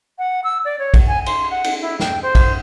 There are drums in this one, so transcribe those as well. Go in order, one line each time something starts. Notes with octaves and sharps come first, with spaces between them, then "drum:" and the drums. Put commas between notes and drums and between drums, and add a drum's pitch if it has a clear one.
F#5
E6
D5
C#5
drum: kick, cymbal
G#5
C6, drum: cymbal
F#5
drum: cymbal
E4
G5, drum: snare
C5
drum: kick, cymbal